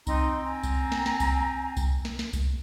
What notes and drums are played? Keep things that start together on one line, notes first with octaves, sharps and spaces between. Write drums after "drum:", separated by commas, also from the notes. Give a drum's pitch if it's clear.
C4 D#4 A#5 C6, drum: kick C2, tambourine
G#5 A#5
drum: kick C2, tambourine
drum: snare
drum: snare
drum: kick C2, tambourine
drum: kick C2, tambourine
drum: snare
drum: snare
drum: kick C2, tambourine